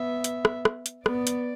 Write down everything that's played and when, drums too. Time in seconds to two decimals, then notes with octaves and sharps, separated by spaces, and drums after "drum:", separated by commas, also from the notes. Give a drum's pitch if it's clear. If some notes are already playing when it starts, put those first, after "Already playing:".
Already playing: B3 E5
0.24 drum: hi-hat
0.45 drum: rim click
0.65 drum: rim click
0.86 drum: hi-hat
1.06 B3 D5, drum: rim click
1.27 drum: hi-hat